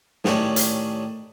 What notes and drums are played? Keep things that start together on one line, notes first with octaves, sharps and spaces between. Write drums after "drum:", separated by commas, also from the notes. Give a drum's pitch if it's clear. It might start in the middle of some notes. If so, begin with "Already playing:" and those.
A2 D#3 G3 A3 C#4, drum: snare
drum: hi-hat